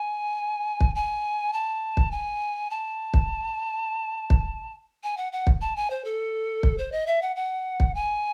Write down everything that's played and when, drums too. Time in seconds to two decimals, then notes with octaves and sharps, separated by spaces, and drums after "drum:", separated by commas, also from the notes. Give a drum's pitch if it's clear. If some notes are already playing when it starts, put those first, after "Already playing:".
Already playing: G#5
0.81 drum: kick
0.95 G#5
1.53 A5
1.97 drum: kick
2.11 G#5
2.70 A5
3.14 drum: kick
4.30 drum: kick
5.04 G#5
5.17 F#5
5.32 F#5
5.47 drum: kick
5.61 A5
5.76 G#5
5.90 C5
6.05 A4
6.63 drum: kick
6.78 C5
6.92 D#5
7.07 E5
7.22 F#5
7.36 F#5
7.80 drum: kick
7.95 G#5